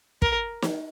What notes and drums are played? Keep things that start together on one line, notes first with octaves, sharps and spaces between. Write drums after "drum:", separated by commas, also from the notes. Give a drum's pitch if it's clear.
A#4, drum: kick
drum: snare